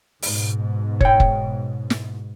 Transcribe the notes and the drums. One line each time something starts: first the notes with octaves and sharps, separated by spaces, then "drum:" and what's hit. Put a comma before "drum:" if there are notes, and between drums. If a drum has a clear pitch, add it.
G#2 B2, drum: open hi-hat
C#5 G5, drum: kick
drum: kick
drum: snare